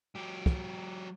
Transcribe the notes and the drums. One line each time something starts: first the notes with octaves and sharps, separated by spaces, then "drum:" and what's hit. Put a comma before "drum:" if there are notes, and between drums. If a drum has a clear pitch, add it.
F#3 G4
drum: kick